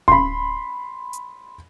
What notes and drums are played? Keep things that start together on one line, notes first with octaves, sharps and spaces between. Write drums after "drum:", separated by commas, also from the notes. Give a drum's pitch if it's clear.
B5 C6, drum: kick D1
drum: hi-hat